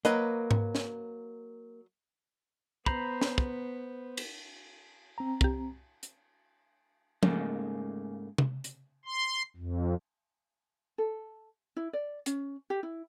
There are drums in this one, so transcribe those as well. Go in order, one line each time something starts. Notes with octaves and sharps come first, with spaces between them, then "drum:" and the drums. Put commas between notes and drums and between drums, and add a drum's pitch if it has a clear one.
F#3 A#3 B4 D#5, drum: hi-hat
drum: tom G#2
drum: snare
B3 C5 A#5 B5, drum: kick
drum: snare
drum: kick
drum: cymbal
C4 A#5
C2 G4, drum: kick
drum: hi-hat
G#2 C#3 A3 A#3, drum: tom
drum: tom C3
drum: hi-hat
C6
F2
A4
E4
D5
C#4, drum: hi-hat
G4
E4